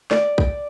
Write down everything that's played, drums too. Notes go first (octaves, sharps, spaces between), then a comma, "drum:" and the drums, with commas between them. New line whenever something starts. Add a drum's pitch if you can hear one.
D5, drum: snare
drum: kick B1